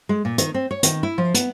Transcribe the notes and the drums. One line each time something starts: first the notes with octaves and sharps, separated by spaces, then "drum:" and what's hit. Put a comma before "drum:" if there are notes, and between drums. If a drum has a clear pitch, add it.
G#3
A#2
D#3, drum: hi-hat
C4
C#5
D#3, drum: hi-hat
E4
F3
B3, drum: hi-hat